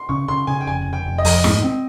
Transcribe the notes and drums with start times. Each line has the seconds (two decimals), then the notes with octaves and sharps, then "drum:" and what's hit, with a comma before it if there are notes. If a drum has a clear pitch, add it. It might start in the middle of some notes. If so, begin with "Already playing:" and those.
Already playing: C6
0.09 C#3 C#6
0.28 C#3 C6
0.47 C#3 G#5
0.61 G5
0.67 F1 G#5
0.86 F1
0.93 G5
1.06 F1
1.18 D#5
1.25 F2, drum: open hi-hat
1.44 G#2, drum: snare
1.64 C4